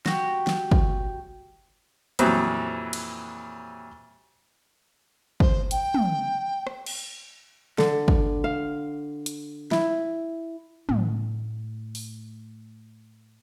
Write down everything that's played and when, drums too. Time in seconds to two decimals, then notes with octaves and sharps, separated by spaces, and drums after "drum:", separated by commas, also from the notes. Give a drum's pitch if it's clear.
0.06 F#4 G4, drum: snare
0.47 drum: snare
0.71 drum: kick
2.19 F2 A#2 E3 F#3 G3 C4, drum: hi-hat
2.93 drum: cymbal
5.40 C5, drum: kick
5.71 G5, drum: hi-hat
5.94 drum: tom
6.67 drum: rim click
6.86 drum: cymbal
7.78 D3, drum: snare
8.08 drum: kick
8.44 F5
9.26 drum: hi-hat
9.71 E4, drum: snare
10.89 A2 A3, drum: tom
11.95 drum: open hi-hat